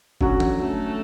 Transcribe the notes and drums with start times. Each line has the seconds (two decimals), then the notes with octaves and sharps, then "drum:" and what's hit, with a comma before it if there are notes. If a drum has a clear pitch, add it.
0.21 D3 F#3 C#4 F#4, drum: kick F1
0.40 drum: tom
0.59 A3